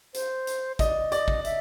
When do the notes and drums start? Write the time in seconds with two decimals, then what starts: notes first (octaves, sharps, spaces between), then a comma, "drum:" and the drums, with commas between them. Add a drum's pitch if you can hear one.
0.14 C5, drum: hi-hat
0.47 drum: hi-hat
0.79 D5 D#5, drum: kick, hi-hat
1.12 D5 D#5, drum: hi-hat
1.28 drum: kick
1.44 E5, drum: hi-hat